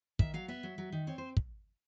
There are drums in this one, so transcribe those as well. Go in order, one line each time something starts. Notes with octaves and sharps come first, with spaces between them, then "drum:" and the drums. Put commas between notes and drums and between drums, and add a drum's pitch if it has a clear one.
D#3 E5, drum: kick
F#3 F5
B3 E5
F#3
F#3
D#3
C4 C#5
C5
drum: kick